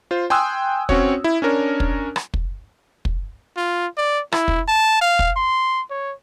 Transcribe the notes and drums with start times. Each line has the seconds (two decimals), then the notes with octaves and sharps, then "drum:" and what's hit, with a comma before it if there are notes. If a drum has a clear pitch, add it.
0.11 F4 C5
0.30 G5 G#5 C6 D#6 E6 F#6
0.89 C4 C#4 F#4 C#5, drum: kick
1.24 E4
1.42 C#4 D4 A#4 C#5
1.80 drum: kick
2.16 drum: rim click
2.34 drum: kick
3.05 drum: kick
3.57 F4
3.97 D5
4.32 E4, drum: rim click
4.48 drum: kick
4.68 A5
5.02 F5
5.19 drum: kick
5.36 C6
5.91 C#5